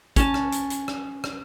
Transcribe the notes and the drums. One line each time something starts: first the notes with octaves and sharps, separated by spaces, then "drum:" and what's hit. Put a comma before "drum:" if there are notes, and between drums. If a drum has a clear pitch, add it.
C#4 A5, drum: kick, hi-hat
drum: rim click
drum: hi-hat
drum: hi-hat
drum: rim click
drum: rim click